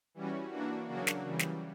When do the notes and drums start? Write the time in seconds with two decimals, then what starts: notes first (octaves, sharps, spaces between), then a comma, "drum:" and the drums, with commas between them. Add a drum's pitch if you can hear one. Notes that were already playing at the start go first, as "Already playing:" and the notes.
0.14 E3 G3 C#4 F#4
0.50 E3 A#3 D4 F#4
0.87 C#3 F#3 A#3 D4 F#4
1.07 drum: snare
1.24 C#3 E3 G3
1.40 drum: snare